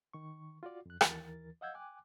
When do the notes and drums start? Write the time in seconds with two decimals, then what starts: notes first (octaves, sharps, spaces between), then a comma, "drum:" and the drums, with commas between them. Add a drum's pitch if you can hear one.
0.13 D#3 C#6
0.63 F4 F#4 D5
0.86 F2 F#6
1.01 D#2 E3 A#4 A6, drum: rim click
1.61 D#5 F5 F#5 E6 G6 G#6
1.74 G5 G#5 D6 F#6